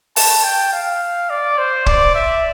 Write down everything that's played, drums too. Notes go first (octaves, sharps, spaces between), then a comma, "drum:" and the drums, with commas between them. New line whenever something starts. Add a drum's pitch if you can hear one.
A5, drum: open hi-hat
G5
F5
D5
C5
D5, drum: kick
E5